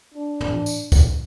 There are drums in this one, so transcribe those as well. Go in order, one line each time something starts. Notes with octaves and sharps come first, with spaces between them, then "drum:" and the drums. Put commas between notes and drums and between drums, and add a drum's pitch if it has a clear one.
D4
drum: tom
drum: tambourine
drum: kick, tambourine